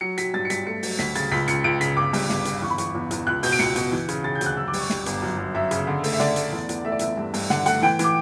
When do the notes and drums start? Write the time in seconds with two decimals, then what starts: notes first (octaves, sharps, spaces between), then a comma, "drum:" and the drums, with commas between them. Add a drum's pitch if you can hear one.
0.01 F#3 C#7
0.18 F#3 B6, drum: hi-hat
0.34 G2 A6
0.45 C#7
0.50 G2 B6, drum: hi-hat
0.67 A3 C#7
0.83 F#3, drum: open hi-hat
0.99 D2 B6, drum: snare
1.15 C#3 A6, drum: hi-hat
1.32 C#2 B6
1.48 C#2 C#7, drum: hi-hat
1.64 C#2 D7
1.81 C#3 B6, drum: hi-hat
1.97 G1 D6
2.13 G2, drum: open hi-hat
2.29 G1, drum: snare
2.45 G1, drum: hi-hat
2.62 E2 C#6
2.70 B5
2.78 E2 C#6, drum: hi-hat
2.95 E2
3.11 E2, drum: hi-hat
3.27 C#2 F#6
3.43 B2 G6, drum: open hi-hat
3.52 D7
3.59 C#2 C#7, drum: snare
3.76 B2, drum: hi-hat
3.92 E3
4.08 C#3, drum: hi-hat
4.24 C#3 A6
4.35 G6
4.41 D2, drum: hi-hat
4.46 F#6
4.57 F#2 E6
4.68 D6
4.73 G3, drum: open hi-hat
4.79 C#6
4.90 G3, drum: snare
5.06 G1, drum: hi-hat
5.22 F#2
5.38 F#2
5.55 F#2 E5
5.71 C#3, drum: hi-hat
5.87 D3
6.04 A3, drum: open hi-hat
6.13 E5
6.20 D3 D5, drum: snare
6.36 A3, drum: hi-hat
6.52 E2
6.69 E2, drum: hi-hat
6.85 A3 E5
6.92 D5
6.99 E2 E5, drum: hi-hat
7.17 G2
7.34 G2, drum: open hi-hat
7.50 D3 F#5, drum: snare
7.66 A3 F#5, drum: hi-hat
7.82 E3 G5
7.99 E3, drum: hi-hat
8.04 D6